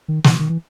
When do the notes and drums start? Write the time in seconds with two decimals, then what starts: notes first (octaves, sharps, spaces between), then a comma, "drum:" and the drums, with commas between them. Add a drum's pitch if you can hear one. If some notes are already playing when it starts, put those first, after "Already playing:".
0.08 D#3
0.24 E3, drum: snare
0.39 D#3
0.49 E3